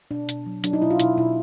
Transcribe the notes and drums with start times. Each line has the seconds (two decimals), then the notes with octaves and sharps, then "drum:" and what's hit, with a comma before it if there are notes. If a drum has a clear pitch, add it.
0.11 B2 D4
0.29 B2, drum: hi-hat
0.46 F#3
0.64 F#3 D4, drum: hi-hat
0.73 D#4
0.82 B2 E4
0.90 F4
1.00 B2 E4, drum: hi-hat
1.17 B2 E4